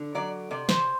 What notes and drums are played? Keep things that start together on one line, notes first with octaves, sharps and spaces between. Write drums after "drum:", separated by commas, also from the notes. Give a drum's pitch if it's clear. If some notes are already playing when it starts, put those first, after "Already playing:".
Already playing: D3
F#3 D5
C3 D5
C5, drum: snare